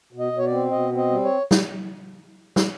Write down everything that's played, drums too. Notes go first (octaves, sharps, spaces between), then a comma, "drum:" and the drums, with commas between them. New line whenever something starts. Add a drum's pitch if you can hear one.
B2
D#5
B2
C#5
D5
C4
B2 D#5
C4
D#5
G3
C#5
drum: snare
drum: snare